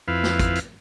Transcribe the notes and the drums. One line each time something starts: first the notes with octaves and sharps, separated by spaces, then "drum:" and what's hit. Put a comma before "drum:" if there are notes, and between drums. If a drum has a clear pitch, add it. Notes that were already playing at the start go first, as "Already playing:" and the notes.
F2 E4 B4 F5
drum: snare
drum: kick, hi-hat
drum: hi-hat